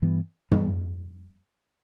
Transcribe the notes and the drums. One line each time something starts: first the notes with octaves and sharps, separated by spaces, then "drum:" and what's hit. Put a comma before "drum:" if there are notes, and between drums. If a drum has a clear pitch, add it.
G2 E3 G3 B3
G2 E3 G3 B3, drum: tom